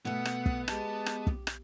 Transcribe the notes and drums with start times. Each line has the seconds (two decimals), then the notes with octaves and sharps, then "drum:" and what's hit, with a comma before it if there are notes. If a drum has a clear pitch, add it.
0.05 B2 A3 B3 F#5
0.25 drum: rim click
0.46 drum: kick
0.68 G#3 G4 A5, drum: rim click
1.06 drum: rim click
1.27 drum: kick
1.47 drum: rim click